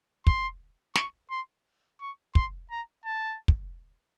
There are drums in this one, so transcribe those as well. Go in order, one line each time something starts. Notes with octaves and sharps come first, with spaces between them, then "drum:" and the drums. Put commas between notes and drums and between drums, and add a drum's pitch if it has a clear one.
C6, drum: kick
C#6, drum: snare
C6
C#6
C6, drum: kick
A#5
A5
drum: kick